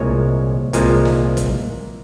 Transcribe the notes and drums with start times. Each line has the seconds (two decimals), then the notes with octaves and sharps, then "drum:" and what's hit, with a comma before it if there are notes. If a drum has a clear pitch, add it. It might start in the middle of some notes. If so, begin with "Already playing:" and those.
Already playing: C2 A#2 F3 G#3 C#5
0.73 C2 A#2 F3 G#3, drum: hi-hat
1.05 drum: snare
1.37 drum: kick, hi-hat